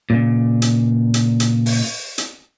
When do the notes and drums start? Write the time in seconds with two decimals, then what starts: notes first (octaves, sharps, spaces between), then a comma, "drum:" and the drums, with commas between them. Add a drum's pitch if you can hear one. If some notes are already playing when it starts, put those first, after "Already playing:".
0.10 A#2 C#3
0.62 drum: hi-hat
1.14 drum: hi-hat
1.40 drum: hi-hat
1.66 drum: open hi-hat
2.18 drum: hi-hat